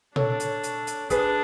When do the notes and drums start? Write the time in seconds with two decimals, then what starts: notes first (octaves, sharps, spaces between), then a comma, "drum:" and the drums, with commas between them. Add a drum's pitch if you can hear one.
0.16 D4 A4 C#5, drum: tom A#2
0.40 drum: hi-hat
0.64 drum: hi-hat
0.87 drum: hi-hat
1.10 D4 G#4 B4, drum: kick, hi-hat